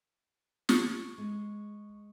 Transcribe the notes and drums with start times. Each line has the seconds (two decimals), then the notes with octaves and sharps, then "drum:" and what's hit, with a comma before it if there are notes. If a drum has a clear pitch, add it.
0.69 C#6, drum: snare
1.18 G#3